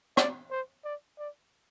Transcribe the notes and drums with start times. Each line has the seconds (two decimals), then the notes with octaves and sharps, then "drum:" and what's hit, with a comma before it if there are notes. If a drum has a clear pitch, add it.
0.17 D5, drum: rim click
0.51 C5
0.84 D5
1.19 D5